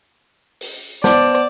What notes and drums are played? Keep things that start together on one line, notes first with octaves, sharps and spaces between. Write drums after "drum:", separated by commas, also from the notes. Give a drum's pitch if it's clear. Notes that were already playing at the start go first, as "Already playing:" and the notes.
drum: open hi-hat
B3 C5 D5 A5, drum: snare